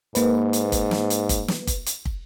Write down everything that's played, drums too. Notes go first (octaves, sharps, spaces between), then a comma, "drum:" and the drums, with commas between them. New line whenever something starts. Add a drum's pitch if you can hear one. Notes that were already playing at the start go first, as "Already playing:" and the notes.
G#2 A#3 B4, drum: hi-hat
drum: hi-hat
drum: kick, hi-hat
drum: snare
drum: hi-hat
drum: kick, hi-hat
drum: snare
drum: kick, hi-hat
drum: hi-hat
drum: kick